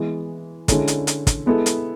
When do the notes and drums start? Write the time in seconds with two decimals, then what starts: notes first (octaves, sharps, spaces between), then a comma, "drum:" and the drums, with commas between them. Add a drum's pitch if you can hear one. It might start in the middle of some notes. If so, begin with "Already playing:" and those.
Already playing: E3 G#3 B3
0.68 D3 G#3 C#4 E4 A4, drum: kick, hi-hat
0.88 drum: hi-hat
1.07 drum: hi-hat
1.27 drum: kick, hi-hat
1.46 G#3 B3 E4 A4
1.66 drum: hi-hat